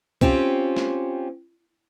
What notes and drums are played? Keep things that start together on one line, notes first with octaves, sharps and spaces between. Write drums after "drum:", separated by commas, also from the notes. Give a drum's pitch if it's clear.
C4 C#4 F4 G4, drum: kick
drum: snare